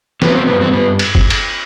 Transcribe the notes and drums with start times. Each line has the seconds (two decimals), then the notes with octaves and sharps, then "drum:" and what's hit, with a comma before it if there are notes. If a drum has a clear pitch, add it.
0.22 F#3 B3, drum: snare
0.35 C4
0.47 B3
0.52 G2
0.61 C4
0.73 B3
0.99 drum: cymbal
1.15 drum: kick
1.30 drum: cymbal